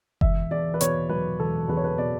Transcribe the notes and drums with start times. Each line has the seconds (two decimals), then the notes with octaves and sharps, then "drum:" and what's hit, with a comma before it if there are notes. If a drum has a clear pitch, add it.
0.21 E1 E5, drum: kick F#1
0.51 E2 D5
0.74 B4
0.81 B2 C#5, drum: hi-hat
1.09 F#3 B4
1.39 E1 A4
1.68 E2 B4
1.77 C#5
1.84 B4
1.98 B2 D5